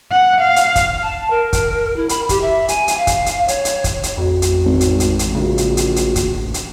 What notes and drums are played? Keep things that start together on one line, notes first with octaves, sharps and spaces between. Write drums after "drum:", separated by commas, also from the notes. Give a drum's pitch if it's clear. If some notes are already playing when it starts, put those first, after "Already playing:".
F#5
F5
drum: hi-hat
drum: kick, hi-hat
A5
A#4
drum: kick, hi-hat
E4
B5, drum: hi-hat
G4, drum: kick, hi-hat
E5
G#5, drum: hi-hat
drum: hi-hat
F5
drum: kick, hi-hat
drum: hi-hat
C#5, drum: hi-hat
drum: hi-hat
drum: kick, hi-hat
drum: hi-hat
A1 F2 F#4
drum: hi-hat
G#1
drum: hi-hat
drum: hi-hat
drum: hi-hat
A#1 C#3 F#4
drum: hi-hat
drum: hi-hat
drum: hi-hat
drum: kick, hi-hat
drum: hi-hat